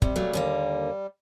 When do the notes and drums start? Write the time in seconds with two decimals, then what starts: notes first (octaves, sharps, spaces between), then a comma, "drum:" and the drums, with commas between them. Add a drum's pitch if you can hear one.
0.02 C3 G3, drum: kick
0.16 A#2 F#3 A3
0.33 D#2 D3 A#3